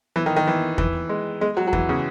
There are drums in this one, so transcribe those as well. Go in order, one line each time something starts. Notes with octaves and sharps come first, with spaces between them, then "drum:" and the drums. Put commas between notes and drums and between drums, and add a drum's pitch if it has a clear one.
E3
D#3
D#3
E3
E3, drum: kick E2
G#3
G#3
F#3
F#3
E3, drum: kick E2
C#3